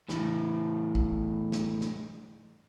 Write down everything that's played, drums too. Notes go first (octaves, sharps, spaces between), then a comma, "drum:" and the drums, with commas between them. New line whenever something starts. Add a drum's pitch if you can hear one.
E2 A2, drum: snare
drum: kick
drum: snare
drum: snare